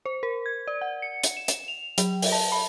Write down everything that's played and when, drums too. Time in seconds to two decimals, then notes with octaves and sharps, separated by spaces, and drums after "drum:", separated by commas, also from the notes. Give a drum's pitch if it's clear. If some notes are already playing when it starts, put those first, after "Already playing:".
0.05 C5
0.23 A#4
0.46 G#6
0.68 D5
0.81 F#5
1.02 C#7
1.23 drum: hi-hat
1.37 E7
1.48 drum: hi-hat
1.68 F7
1.98 F#3, drum: hi-hat
2.22 drum: open hi-hat
2.32 A5
2.52 B5